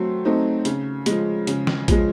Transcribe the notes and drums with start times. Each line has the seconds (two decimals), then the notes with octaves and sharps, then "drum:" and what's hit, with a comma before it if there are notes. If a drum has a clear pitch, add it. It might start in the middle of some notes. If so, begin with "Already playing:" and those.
Already playing: F#3 A3 C4
0.25 A3 C4 D#4
0.65 C#3, drum: hi-hat
1.06 F3 G#3, drum: hi-hat
1.47 C#3, drum: hi-hat
1.67 drum: snare
1.88 F3 G#3, drum: kick A#1, hi-hat